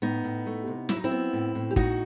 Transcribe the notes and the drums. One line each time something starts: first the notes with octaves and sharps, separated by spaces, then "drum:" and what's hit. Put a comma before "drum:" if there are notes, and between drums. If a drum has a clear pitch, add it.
A2 B3 D#4
A2
A3
C3
F#3 E4, drum: snare
D#4
C4 E4
B3
A2
A2
G4
A2 D#4 F#4, drum: kick